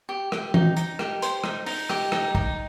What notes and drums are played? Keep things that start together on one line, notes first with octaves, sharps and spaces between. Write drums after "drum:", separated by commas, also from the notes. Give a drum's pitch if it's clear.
G4
G4, drum: rim click
D#4, drum: tom E3
D#4, drum: hi-hat
G4, drum: rim click
C5, drum: hi-hat
D#4, drum: rim click
D#4, drum: open hi-hat
G4, drum: rim click
D#4, drum: rim click
D#4, drum: kick